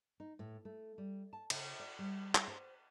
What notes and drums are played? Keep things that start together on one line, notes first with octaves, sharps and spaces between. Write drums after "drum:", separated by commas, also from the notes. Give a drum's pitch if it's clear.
D#4
A2
A3
G3
A5
C#3, drum: cymbal
D5
G3
drum: clap
C5